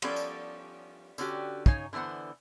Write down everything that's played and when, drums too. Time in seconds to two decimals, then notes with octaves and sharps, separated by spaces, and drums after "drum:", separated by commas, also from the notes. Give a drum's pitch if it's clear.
0.02 F3 G3 B3 C#4 A4 D5, drum: cymbal
0.16 drum: tambourine
1.18 D3 C#4 F#4 G4, drum: tambourine
1.66 C#3 D#4 C#5 G#5, drum: kick
1.93 D3 E3 B3 C5 F#5